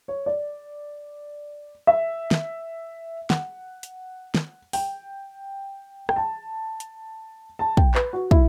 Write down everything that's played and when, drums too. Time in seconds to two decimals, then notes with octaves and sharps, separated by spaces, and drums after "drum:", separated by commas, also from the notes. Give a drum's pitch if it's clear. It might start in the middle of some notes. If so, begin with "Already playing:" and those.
0.08 C#5
0.26 D5
1.87 E5
2.31 drum: snare
3.30 F#5, drum: snare
3.83 drum: hi-hat
4.35 drum: snare
4.73 G5, drum: open hi-hat
6.09 G5, drum: rim click
6.16 A5
6.80 drum: hi-hat
7.59 A5
7.77 G5, drum: kick
7.95 B4, drum: clap
8.13 F#4
8.31 E4, drum: kick